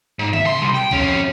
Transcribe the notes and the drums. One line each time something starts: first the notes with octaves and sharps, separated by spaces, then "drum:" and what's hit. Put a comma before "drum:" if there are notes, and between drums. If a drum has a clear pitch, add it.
G#2
E5, drum: tom D#3
C#3 C6
C2
G5
F2 C#4, drum: kick